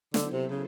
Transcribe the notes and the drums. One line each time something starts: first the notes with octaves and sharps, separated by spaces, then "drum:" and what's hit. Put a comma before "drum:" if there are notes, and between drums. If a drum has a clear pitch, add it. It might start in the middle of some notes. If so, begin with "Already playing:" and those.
D3 F#3 B3 E4 A4 C5, drum: snare
C3
C#3